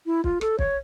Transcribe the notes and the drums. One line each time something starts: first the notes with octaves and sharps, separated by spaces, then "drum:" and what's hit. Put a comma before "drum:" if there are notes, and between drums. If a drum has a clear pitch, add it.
E4
F4, drum: kick
A4, drum: rim click
C#5, drum: kick